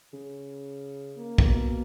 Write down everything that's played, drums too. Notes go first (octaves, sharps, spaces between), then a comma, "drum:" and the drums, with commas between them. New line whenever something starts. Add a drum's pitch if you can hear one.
C#3
A#3
A#2, drum: kick
B2